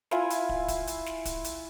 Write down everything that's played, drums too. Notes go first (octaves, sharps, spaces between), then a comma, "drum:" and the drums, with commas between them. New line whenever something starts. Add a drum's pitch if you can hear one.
E4 F4 G#5, drum: snare
drum: hi-hat
drum: kick
drum: kick, hi-hat
drum: hi-hat
drum: snare
drum: kick, hi-hat
drum: hi-hat